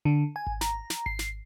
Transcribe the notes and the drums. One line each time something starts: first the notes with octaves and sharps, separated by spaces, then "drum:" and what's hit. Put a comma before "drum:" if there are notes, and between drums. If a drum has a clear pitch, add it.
D3
G#5
drum: kick G#1
A#5, drum: snare
drum: snare
C7, drum: kick G#1
drum: snare